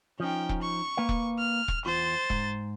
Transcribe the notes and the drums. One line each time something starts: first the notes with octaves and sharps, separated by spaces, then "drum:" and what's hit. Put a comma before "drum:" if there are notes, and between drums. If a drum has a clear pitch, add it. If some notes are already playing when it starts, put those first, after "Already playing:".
F3 C#4 D#4 G5
drum: kick E1
C#6
A#3 B4 F5
drum: kick E1
F6
drum: kick E1
E2 F4 C5 C6 A6
G#2, drum: kick E1